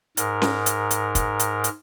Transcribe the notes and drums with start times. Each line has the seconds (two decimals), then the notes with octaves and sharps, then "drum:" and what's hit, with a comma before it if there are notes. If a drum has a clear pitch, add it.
0.17 G#2 A#4, drum: hi-hat
0.42 drum: snare C#4
0.66 drum: hi-hat
0.91 drum: hi-hat
1.15 drum: kick, hi-hat
1.39 drum: hi-hat
1.64 drum: hi-hat